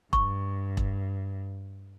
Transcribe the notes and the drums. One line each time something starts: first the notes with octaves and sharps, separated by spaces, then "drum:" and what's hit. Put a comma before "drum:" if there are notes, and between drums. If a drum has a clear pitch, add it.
G2 C#6, drum: kick E1
drum: kick E1